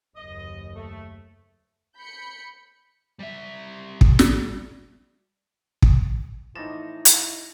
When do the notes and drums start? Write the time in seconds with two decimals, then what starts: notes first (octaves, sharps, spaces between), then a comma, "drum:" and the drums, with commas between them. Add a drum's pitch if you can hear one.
0.16 F#1 D#2 D#5
0.74 A3
1.96 B5 G6 C#7
3.20 G3 E5
4.01 drum: kick
4.19 drum: snare
5.82 drum: kick
6.56 A2 E3 F3 D#4 E4 A6 A#6 E7
7.05 drum: hi-hat